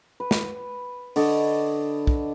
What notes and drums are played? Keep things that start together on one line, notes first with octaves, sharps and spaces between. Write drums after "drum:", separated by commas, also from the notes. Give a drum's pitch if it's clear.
B4
drum: snare
D3 D5 D#5 C#6, drum: open hi-hat
drum: kick